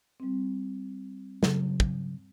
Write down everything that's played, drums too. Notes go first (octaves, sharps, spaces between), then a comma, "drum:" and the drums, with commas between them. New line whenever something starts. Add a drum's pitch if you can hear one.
G3 C4
C#3 F#3, drum: snare
drum: kick